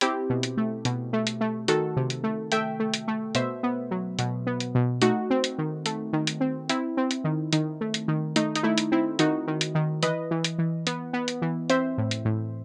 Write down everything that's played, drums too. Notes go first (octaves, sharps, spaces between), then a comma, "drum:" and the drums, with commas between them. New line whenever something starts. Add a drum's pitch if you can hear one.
C4 E4 G4, drum: hi-hat
B2
drum: hi-hat
A3
B2, drum: hi-hat
A3
drum: hi-hat
A3
D#3 F#4 A4, drum: hi-hat
C3
drum: hi-hat
A3
A3 E5 G5, drum: hi-hat
A3
drum: hi-hat
A3
B2 C5 E5, drum: hi-hat
B3
F#3
B2, drum: hi-hat
B3
drum: hi-hat
B2
A3 D#4 F#4, drum: hi-hat
C4
drum: hi-hat
D#3
A3, drum: hi-hat
D#3
drum: hi-hat
C4
C4 E4, drum: hi-hat
C4
drum: hi-hat
D#3
D#3, drum: hi-hat
A3
drum: hi-hat
D#3
A3 D#4, drum: hi-hat
D#4, drum: hi-hat
A3 E4
drum: hi-hat
C4 E4
D#3 D#4 F#4, drum: hi-hat
D#3
drum: hi-hat
D#3
E3 B4 D#5, drum: hi-hat
E3
drum: hi-hat
E3
B3, drum: hi-hat
B3
drum: hi-hat
E3
C4 C5 E5, drum: hi-hat
A2
drum: hi-hat
A2